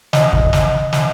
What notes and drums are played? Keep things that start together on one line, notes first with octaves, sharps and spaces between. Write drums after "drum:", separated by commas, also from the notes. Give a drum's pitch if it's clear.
D#5, drum: snare
drum: kick
drum: snare
drum: snare